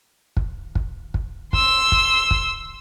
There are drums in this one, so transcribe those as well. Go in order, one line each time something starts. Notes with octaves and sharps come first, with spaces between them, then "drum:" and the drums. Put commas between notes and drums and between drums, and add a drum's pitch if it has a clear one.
drum: kick
drum: kick
drum: kick
C6 E6, drum: kick
drum: kick
drum: kick